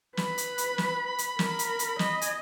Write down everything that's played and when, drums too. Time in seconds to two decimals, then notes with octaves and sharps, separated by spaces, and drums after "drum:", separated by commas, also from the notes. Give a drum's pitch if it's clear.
0.17 B4 B5, drum: snare
0.38 drum: hi-hat
0.58 drum: hi-hat
0.78 drum: snare
1.18 drum: hi-hat
1.39 A#4, drum: snare
1.59 drum: hi-hat
1.79 drum: hi-hat
1.99 D#5 B5, drum: snare
2.21 G#5, drum: hi-hat